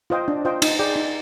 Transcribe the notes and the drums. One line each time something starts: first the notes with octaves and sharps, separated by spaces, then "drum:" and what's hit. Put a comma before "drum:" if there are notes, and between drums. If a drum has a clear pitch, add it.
F4 C5 D#5 G5
D4
F4 C5 D#5 G5
D#4, drum: cymbal
G#4 D5 G5
D#4